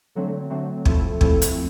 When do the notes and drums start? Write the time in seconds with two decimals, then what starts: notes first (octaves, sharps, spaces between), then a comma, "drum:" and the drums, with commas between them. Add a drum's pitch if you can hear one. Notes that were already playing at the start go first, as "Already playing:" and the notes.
0.15 D3 F#3 A3 C4
0.50 D3 F#3 A3 C4
0.85 F3 A3 C4 E4 A4, drum: kick
1.21 F3 A3 C4 E4 A4, drum: kick
1.42 drum: hi-hat